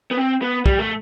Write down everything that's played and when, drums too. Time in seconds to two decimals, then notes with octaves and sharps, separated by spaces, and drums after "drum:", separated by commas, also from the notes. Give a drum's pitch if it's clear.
0.11 B3
0.17 C4
0.42 B3
0.66 G3, drum: kick
0.79 A3